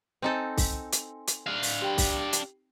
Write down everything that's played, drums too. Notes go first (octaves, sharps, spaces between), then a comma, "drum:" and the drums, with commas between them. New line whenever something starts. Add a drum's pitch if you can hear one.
C4 D#4 A4 G#5 C6
drum: kick, open hi-hat
drum: hi-hat
drum: hi-hat
D4 F5
drum: open hi-hat
G4 G5 B5
drum: kick, open hi-hat
drum: hi-hat